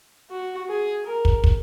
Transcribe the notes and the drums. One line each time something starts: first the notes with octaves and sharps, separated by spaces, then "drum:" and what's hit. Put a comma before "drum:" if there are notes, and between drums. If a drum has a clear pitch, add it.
F#4
G#4
A#4
drum: kick
drum: kick